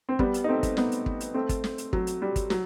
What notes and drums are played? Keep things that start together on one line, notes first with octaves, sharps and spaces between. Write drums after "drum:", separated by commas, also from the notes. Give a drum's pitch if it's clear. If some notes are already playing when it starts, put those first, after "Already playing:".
C4
G3 B3, drum: kick
drum: hi-hat
D#4
A3 C4
drum: kick, hi-hat
B3 D#4, drum: snare
drum: hi-hat
drum: kick
drum: hi-hat
A3 C4
drum: kick, hi-hat
drum: snare
drum: hi-hat
F#3, drum: kick
drum: hi-hat
G3
drum: kick, hi-hat
F#3, drum: snare